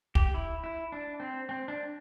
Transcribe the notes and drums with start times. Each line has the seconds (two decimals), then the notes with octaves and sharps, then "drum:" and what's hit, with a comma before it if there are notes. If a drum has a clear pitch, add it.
0.15 G4, drum: kick
0.34 E4
0.64 E4
0.92 D4
1.20 C4
1.49 C4
1.68 D4